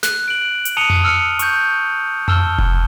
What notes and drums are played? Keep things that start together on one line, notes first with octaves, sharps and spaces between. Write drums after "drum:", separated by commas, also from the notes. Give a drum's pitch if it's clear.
F#6, drum: snare
D7 F#7
drum: hi-hat
A5 D#6 C#7 D#7 F7 G7
drum: tom F2
E6 F6 C#7
C#6 G6, drum: hi-hat
A5 E6 F6 G7, drum: tom F2
drum: kick F1